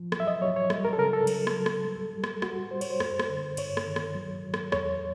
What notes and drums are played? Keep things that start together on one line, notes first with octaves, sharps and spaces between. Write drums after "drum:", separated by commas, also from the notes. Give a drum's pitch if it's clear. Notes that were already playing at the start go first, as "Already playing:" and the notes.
Already playing: F3
F#3, drum: rim click
E5
D#5
F#3 C#5
C#5
G3, drum: rim click
A#4
A4
C#3 A#4
A4
F#3, drum: cymbal
drum: rim click
F#3
drum: rim click
G3
G3
drum: rim click
G3 F#4, drum: rim click
G3 C5
C#5, drum: cymbal
C5
F#2, drum: rim click
drum: rim click
D3
G2 C#5, drum: cymbal
drum: rim click
D#3
drum: rim click
F#3
F#3
drum: rim click
E2 C#5, drum: rim click